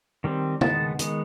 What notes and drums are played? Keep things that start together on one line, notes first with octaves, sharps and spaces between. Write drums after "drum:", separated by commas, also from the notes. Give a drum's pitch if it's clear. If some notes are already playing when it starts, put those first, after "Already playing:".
D#3 G3 C4
D#3 G#3 B3 A5, drum: tom C#3
D#3 G#3 B3, drum: hi-hat